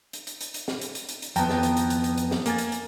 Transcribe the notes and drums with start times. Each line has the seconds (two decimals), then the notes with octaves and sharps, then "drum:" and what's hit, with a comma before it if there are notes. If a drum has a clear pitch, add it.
0.13 drum: hi-hat
0.27 drum: hi-hat
0.41 drum: hi-hat
0.54 drum: hi-hat
0.68 drum: snare
0.81 drum: hi-hat
0.95 drum: hi-hat
1.09 drum: hi-hat
1.22 drum: hi-hat
1.36 F2 B3 G5 A5 A#5, drum: hi-hat
1.50 drum: snare
1.63 drum: hi-hat
1.77 drum: hi-hat
1.90 drum: hi-hat
2.04 drum: hi-hat
2.18 drum: hi-hat
2.31 drum: snare
2.46 A#3 G#5 A6, drum: hi-hat
2.58 drum: hi-hat
2.72 drum: hi-hat